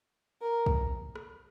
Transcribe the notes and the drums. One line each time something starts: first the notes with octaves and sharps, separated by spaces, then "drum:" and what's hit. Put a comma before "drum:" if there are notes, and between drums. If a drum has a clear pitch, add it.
A#4
drum: kick
drum: rim click